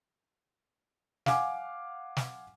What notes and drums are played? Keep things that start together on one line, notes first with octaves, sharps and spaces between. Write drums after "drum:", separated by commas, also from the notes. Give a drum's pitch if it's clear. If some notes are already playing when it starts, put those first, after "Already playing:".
F5 F#5 G#5 D6, drum: snare
drum: snare